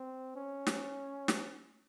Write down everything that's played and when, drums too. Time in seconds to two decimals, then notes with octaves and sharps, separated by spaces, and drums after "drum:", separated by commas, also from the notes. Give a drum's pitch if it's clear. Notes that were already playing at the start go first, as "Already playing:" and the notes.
Already playing: C4
0.36 C#4
0.67 drum: snare
1.28 drum: snare